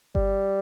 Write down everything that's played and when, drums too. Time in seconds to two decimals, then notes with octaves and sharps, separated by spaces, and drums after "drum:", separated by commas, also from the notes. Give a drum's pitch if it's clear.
0.15 G3, drum: kick G1